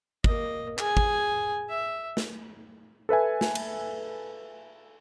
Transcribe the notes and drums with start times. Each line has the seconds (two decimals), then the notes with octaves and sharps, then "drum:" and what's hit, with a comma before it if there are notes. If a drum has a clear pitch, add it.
0.24 A#3 D#5, drum: kick
0.78 G#4 G#5, drum: clap
0.97 drum: kick
1.69 E5
2.17 drum: snare
3.09 A4 B4 E5 G#5
3.41 drum: snare
3.55 drum: cymbal